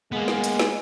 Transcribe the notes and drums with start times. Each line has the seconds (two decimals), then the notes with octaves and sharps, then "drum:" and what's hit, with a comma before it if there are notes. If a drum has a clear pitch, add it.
0.12 G#3 A#3 B3
0.28 drum: snare
0.44 drum: hi-hat
0.59 drum: snare